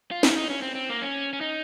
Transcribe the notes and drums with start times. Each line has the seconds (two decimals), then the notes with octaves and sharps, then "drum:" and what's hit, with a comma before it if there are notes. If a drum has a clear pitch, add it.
0.11 F4
0.23 D#4, drum: snare
0.31 C#4
0.36 D#4
0.50 C#4
0.62 C4
0.75 C4
0.89 A#3
1.02 C#4
1.33 C#4
1.41 D#4